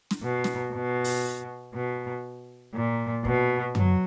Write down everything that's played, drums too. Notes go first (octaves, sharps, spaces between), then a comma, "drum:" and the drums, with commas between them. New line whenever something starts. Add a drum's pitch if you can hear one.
drum: snare
B2
drum: snare
B2
drum: open hi-hat
B2
A#2
B2, drum: kick
F#3, drum: tom F#2